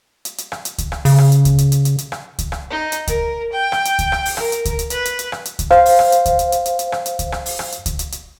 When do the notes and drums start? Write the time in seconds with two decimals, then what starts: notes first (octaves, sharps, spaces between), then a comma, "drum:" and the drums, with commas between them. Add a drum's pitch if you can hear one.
0.25 drum: hi-hat
0.38 drum: hi-hat
0.52 drum: rim click
0.65 drum: hi-hat
0.78 drum: kick C#2, hi-hat
0.92 drum: rim click
1.05 C#3, drum: open hi-hat
1.18 drum: rim click
1.32 drum: hi-hat
1.45 drum: kick C#2, hi-hat
1.58 drum: hi-hat
1.72 drum: hi-hat
1.85 drum: hi-hat
1.98 drum: hi-hat
2.12 drum: rim click
2.39 drum: kick C#2, hi-hat
2.52 drum: rim click
2.70 D#4
2.92 drum: hi-hat
3.07 A#4, drum: kick C#2, hi-hat
3.53 G5
3.72 drum: rim click
3.85 drum: hi-hat
3.99 drum: kick C#2, hi-hat
4.12 drum: rim click
4.25 drum: open hi-hat
4.37 A#4, drum: rim click
4.52 drum: hi-hat
4.65 drum: kick C#2, hi-hat
4.79 drum: hi-hat
4.90 B4, drum: hi-hat
5.05 drum: hi-hat
5.19 drum: hi-hat
5.32 drum: rim click
5.45 drum: hi-hat
5.59 drum: kick C#2, hi-hat
5.71 C5 F5, drum: rim click
5.85 drum: open hi-hat
5.99 drum: rim click
6.12 drum: hi-hat
6.26 drum: kick C#2, hi-hat
6.39 drum: hi-hat
6.52 drum: hi-hat
6.66 drum: hi-hat
6.79 drum: hi-hat
6.92 drum: rim click
7.06 drum: hi-hat
7.19 drum: kick C#2, hi-hat
7.32 drum: rim click
7.46 drum: open hi-hat
7.59 drum: rim click
7.72 drum: hi-hat
7.86 drum: kick C#2, hi-hat
7.99 drum: hi-hat
8.12 drum: hi-hat